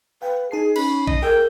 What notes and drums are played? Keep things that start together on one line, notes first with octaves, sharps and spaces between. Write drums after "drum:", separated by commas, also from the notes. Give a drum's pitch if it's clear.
B4 F5 G5
D#4 G#4 A5 C7
C#4 B5, drum: cymbal
D#5, drum: kick A1
G#4 A#4 G5 E6 G#6